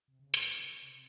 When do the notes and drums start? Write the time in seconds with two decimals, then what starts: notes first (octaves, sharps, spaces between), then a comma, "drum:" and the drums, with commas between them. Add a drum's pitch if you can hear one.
0.08 C3
0.19 C#3
0.34 drum: hi-hat
0.82 C3